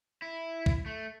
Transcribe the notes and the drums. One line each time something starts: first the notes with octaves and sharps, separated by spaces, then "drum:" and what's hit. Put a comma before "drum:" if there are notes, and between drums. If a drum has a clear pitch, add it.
E4
drum: kick
A3